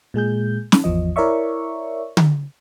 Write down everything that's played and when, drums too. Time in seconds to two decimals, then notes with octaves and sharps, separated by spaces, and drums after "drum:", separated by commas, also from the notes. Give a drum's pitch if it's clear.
0.14 A#2 G#3 G#4 G6
0.72 drum: snare
0.84 G#1 E2 F3 D#5
1.16 E4 A#4 C#5 D5 E5 C#6
2.17 drum: tom D3